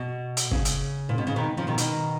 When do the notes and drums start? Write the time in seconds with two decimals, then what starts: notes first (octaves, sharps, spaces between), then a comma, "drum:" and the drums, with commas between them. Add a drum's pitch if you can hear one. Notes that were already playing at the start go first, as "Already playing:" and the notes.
Already playing: B2
0.37 drum: hi-hat
0.51 C#3, drum: kick
0.65 drum: hi-hat
1.09 A#2
1.18 B2
1.27 C#3
1.36 B2 D#3
1.57 C#3 F3
1.67 B2 D#3
1.78 B2 D#3, drum: hi-hat